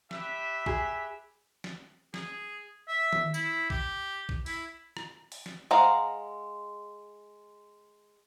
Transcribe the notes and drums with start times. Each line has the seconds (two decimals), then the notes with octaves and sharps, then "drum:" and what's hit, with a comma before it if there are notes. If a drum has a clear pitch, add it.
0.11 G4 B4 E5, drum: snare
0.66 G#4, drum: kick
1.64 drum: snare
2.14 G#4, drum: snare
2.88 E5
3.13 drum: tom D#3
3.34 E4, drum: tambourine
3.70 G4, drum: kick
4.29 drum: kick
4.46 E4, drum: open hi-hat
4.97 drum: rim click
5.32 drum: open hi-hat
5.46 drum: snare
5.71 G#3 C5 F5 F#5 A#5